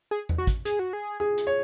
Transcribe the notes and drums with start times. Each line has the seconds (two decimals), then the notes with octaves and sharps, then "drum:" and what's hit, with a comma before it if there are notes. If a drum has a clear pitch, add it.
0.11 G#4
0.29 drum: tom E2
0.38 F#4
0.47 drum: kick, hi-hat
0.65 G#4, drum: hi-hat
0.79 F#4
0.93 G#4
1.20 G#4
1.38 drum: hi-hat
1.47 C#5